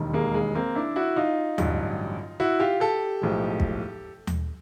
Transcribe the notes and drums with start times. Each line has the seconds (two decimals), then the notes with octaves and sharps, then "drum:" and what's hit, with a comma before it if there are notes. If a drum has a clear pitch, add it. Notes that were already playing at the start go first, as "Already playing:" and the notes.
Already playing: E1 D#2 D#3 G3
0.13 G#3 A#3
0.34 G#3
0.55 A#3 C4
0.75 D4 E4
0.96 E4 F#4
1.16 D#4 F4
1.58 A1 G2 D3 F#3, drum: tom D#2
2.40 E4 F#4
2.60 F4 G4
2.80 G4 A4
3.21 B1 A2 F3 G#3
3.60 drum: kick
4.27 drum: tom D#2